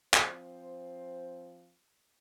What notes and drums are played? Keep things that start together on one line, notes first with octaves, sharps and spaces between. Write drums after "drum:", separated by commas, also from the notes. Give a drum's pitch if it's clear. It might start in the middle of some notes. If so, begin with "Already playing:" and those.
F3 C4 C5, drum: clap